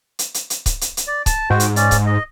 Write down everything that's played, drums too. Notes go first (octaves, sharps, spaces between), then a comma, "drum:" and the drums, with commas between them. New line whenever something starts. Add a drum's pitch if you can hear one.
drum: hi-hat
drum: hi-hat
drum: hi-hat
drum: kick C#1, hi-hat
drum: hi-hat
drum: hi-hat
D5
A5, drum: kick C#1, hi-hat
G#2 F#4 C5 G5
drum: hi-hat
C#4 D5, drum: hi-hat
drum: kick C#1, hi-hat
D#5